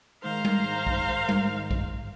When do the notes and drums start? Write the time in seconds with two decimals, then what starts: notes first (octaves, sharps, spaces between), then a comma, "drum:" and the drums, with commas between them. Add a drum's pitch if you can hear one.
0.24 G#2 D#3 C5 F5 A#5
0.45 drum: tom G3
0.87 drum: kick B1
1.29 drum: tom G3
1.71 drum: kick B1